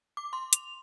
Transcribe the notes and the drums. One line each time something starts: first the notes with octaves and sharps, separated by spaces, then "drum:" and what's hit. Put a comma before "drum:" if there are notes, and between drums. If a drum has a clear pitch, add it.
D6
C6
F7, drum: hi-hat